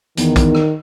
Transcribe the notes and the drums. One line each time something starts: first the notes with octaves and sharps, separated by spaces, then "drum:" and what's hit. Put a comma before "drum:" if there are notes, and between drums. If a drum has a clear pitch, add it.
E2 D#3, drum: hi-hat
drum: kick, hi-hat
drum: rim click